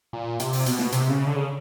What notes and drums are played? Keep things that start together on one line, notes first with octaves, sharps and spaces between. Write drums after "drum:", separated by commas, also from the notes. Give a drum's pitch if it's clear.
A#2
C3, drum: hi-hat
drum: open hi-hat
B2, drum: hi-hat
drum: snare
C3, drum: hi-hat
C#3
D3
C#3